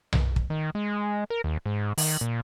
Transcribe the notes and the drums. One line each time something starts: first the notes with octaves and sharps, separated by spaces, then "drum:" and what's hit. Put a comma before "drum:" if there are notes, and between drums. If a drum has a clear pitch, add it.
drum: tom B1
drum: kick
D#3
G#3
A#4
D#2
G#2
D#3, drum: open hi-hat
A#2